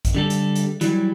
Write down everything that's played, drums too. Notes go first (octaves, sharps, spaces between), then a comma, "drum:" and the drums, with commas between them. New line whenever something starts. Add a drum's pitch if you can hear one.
drum: kick A#1, hi-hat
D3 G3 A4
drum: hi-hat
drum: hi-hat
E3 F#3 G3, drum: hi-hat